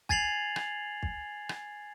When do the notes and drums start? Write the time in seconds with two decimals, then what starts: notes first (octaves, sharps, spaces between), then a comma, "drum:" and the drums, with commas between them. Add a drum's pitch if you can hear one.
0.09 G#5 G#6 A6 C7 F7 F#7, drum: kick
0.56 drum: rim click
1.03 drum: kick
1.49 drum: rim click